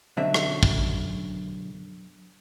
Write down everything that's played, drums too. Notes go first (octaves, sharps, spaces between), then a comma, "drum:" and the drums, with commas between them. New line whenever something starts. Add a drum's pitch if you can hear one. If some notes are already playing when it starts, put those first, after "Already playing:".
B1 F#2 D3 F#3 C4 E5
drum: rim click
drum: kick